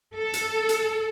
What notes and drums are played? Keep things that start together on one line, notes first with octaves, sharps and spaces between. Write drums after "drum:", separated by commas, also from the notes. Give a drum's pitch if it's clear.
A4
drum: hi-hat
drum: hi-hat